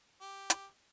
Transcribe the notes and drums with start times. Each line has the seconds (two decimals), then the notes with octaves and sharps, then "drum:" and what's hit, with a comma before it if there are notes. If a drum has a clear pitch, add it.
0.21 G4
0.50 drum: hi-hat